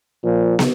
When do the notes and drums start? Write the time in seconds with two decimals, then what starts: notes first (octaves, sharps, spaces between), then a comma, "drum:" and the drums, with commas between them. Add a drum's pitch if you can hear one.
0.24 A#2 F3
0.59 drum: snare